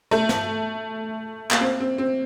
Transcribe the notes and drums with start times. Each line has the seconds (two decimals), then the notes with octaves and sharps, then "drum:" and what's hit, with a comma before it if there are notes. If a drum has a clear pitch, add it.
0.11 A3, drum: rim click
0.29 drum: snare
1.51 A#3, drum: clap
1.61 C4
1.80 C4
1.98 C4